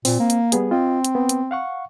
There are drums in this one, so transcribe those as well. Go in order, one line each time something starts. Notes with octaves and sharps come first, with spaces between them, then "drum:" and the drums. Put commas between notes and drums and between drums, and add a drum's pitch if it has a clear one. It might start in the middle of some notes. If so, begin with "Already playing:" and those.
A#2 C4, drum: open hi-hat
A#3
drum: hi-hat
G3 B3 G#4, drum: hi-hat
C4 F4 D#5
drum: hi-hat
B3
drum: hi-hat
F5 F#5 C#6